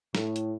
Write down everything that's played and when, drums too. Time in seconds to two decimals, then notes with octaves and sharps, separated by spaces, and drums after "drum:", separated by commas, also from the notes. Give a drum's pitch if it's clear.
0.15 A2, drum: snare
0.36 drum: hi-hat